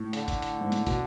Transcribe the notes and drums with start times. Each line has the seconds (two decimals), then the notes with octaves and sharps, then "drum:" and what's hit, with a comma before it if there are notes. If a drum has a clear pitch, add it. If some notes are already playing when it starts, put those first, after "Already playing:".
Already playing: A2
0.13 D3, drum: hi-hat
0.28 drum: kick, hi-hat
0.42 drum: hi-hat
0.61 G#2
0.72 A2, drum: hi-hat
0.87 B2, drum: kick, hi-hat